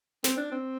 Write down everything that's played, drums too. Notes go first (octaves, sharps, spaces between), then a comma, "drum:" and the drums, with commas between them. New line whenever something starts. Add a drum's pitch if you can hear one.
C4, drum: snare
D4
C4